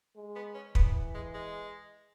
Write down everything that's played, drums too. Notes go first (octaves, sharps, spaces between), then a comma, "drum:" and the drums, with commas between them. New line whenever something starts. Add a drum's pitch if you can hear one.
G#3
B3
C#4
E3 B3, drum: kick
G#3
G#3